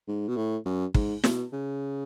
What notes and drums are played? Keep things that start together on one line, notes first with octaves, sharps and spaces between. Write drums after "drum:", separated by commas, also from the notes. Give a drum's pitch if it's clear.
G#2
B2
A2
F#2
G#2, drum: kick
B2, drum: snare
C#3